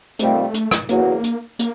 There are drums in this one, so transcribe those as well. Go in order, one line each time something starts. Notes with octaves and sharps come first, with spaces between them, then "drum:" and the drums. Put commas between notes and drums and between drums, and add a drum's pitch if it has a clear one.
C3 D#3 G3 A3 C4 F4, drum: hi-hat
drum: hi-hat
drum: rim click
E2 C#3 F#3 A#3, drum: hi-hat
drum: hi-hat
A#3, drum: hi-hat